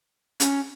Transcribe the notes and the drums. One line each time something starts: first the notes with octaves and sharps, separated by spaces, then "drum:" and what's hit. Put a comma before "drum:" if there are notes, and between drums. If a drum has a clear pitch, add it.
C#4, drum: hi-hat